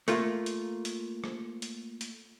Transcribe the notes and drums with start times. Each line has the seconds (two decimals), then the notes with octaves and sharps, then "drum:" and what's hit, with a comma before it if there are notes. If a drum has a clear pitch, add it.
0.08 A3 A#3 F4, drum: hi-hat
0.46 drum: hi-hat
0.85 drum: hi-hat
1.24 drum: rim click
1.62 drum: hi-hat
2.01 drum: hi-hat